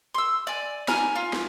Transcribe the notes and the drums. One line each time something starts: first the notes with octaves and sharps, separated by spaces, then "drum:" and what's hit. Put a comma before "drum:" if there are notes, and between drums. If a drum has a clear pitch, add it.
C6 E6
D5 G#5
G#5 A#5 F6, drum: snare
F4
drum: snare